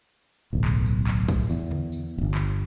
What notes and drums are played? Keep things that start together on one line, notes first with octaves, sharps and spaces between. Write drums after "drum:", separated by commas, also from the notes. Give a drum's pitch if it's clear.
D1 B1
drum: clap
drum: tambourine
drum: clap
drum: kick, tambourine
E2, drum: tambourine
drum: tom C#3
drum: tambourine
D1 G1
drum: clap